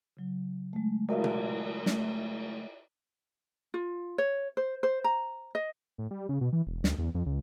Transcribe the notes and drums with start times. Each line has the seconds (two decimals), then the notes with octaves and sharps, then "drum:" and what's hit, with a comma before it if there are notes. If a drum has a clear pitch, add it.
0.17 C#3 F#3
0.73 G#3 A3
1.09 F#4 A#4 E5 F5, drum: cymbal
1.24 drum: tom B2
1.86 A3, drum: snare
3.74 F4
4.18 C#5
4.57 C5
4.83 C5
5.04 A#5
5.55 D#5
5.98 A2
6.11 G3
6.29 C#3
6.41 B2
6.53 E3
6.67 E1
6.84 D2, drum: snare
6.98 E2
7.15 F2
7.26 C#2